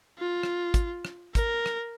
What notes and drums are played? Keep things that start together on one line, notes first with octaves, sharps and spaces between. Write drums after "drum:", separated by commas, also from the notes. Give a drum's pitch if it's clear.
F4
drum: rim click
drum: kick, hi-hat
drum: rim click
A#4, drum: kick, hi-hat
drum: rim click